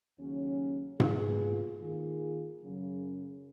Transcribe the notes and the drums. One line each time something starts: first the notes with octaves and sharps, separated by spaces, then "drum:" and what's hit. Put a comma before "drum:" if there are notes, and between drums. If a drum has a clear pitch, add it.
D#2 C#3 F#3 C#4
A#2 G#3 B3 F4 G#4, drum: tom G#2
D#3 A#3 F4 G#4
F#2 C#3 F#3